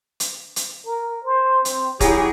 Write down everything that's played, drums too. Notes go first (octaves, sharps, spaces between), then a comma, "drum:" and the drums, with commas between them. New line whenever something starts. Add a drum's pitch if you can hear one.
drum: hi-hat
drum: hi-hat
A#4
C5
C4, drum: hi-hat
F#3 E4 G4 G#4, drum: kick, hi-hat